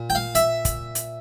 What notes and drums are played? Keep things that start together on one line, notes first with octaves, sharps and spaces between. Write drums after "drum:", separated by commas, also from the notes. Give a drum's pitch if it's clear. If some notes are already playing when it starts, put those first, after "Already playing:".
Already playing: A#2
G5
F5
E5, drum: hi-hat
drum: kick, hi-hat
drum: hi-hat